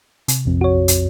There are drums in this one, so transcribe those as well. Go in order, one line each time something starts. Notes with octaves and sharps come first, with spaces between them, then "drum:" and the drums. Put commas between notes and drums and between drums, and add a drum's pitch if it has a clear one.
C3, drum: hi-hat
A#1 F2
F#4 C#5
drum: hi-hat